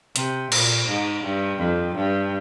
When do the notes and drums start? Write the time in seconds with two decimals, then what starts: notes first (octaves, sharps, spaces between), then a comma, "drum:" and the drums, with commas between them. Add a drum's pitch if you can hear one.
0.16 C3, drum: hi-hat
0.52 A#2, drum: cymbal
0.87 G#2
1.24 G2
1.59 F2
1.95 G2